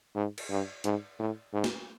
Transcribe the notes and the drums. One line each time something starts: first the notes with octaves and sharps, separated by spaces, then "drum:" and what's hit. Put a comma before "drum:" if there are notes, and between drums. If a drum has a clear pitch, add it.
G#2
drum: cymbal
G2
G#2, drum: hi-hat
A2
G#2
drum: snare